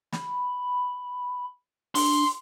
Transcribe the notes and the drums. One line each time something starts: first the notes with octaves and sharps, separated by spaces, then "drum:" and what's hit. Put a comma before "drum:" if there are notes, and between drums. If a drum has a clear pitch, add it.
B5, drum: snare
D4 C6, drum: open hi-hat